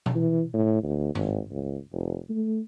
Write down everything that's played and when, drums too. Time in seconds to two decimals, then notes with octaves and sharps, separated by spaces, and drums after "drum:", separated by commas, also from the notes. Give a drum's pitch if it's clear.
0.06 drum: tom B2
0.15 E3
0.54 A2
0.83 D2
1.15 G#1, drum: tom G2
1.50 C#2
1.93 F1
2.30 A3